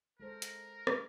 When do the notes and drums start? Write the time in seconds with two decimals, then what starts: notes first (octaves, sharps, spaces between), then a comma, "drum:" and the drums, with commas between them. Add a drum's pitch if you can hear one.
0.20 G#3 A4 A#4 C5
0.42 drum: hi-hat
0.87 drum: rim click